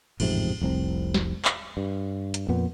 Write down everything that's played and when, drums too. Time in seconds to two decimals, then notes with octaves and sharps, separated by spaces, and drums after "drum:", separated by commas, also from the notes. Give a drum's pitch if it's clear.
0.20 A1 F2 G#2 C3, drum: cymbal
0.62 F1 C2 C4
1.14 drum: snare
1.45 drum: clap
1.77 G2
2.34 drum: hi-hat
2.48 F2 A#2 B3